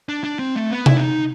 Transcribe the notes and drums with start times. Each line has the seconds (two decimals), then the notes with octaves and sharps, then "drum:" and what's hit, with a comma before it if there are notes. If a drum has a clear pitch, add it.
0.09 D4
0.24 D4
0.39 C4
0.56 A3
0.70 B3
0.86 E4, drum: tom C3
0.97 D4
1.01 D#4